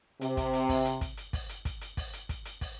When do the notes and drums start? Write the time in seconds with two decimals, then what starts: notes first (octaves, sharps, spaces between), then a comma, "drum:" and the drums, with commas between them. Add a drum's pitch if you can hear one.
0.21 C3, drum: hi-hat
0.37 drum: kick, hi-hat
0.53 drum: hi-hat
0.69 drum: kick, open hi-hat
0.85 drum: hi-hat
1.01 drum: kick, hi-hat
1.17 drum: hi-hat
1.33 drum: kick, open hi-hat
1.49 drum: hi-hat
1.65 drum: kick, hi-hat
1.81 drum: hi-hat
1.97 drum: kick, open hi-hat
2.13 drum: hi-hat
2.29 drum: kick, hi-hat
2.45 drum: hi-hat
2.61 drum: kick, open hi-hat